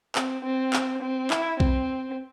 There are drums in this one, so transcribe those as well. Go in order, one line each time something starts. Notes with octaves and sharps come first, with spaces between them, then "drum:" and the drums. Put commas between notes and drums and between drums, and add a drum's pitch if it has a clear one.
C4, drum: clap
C4
drum: clap
C4
E4, drum: clap
C4, drum: kick B1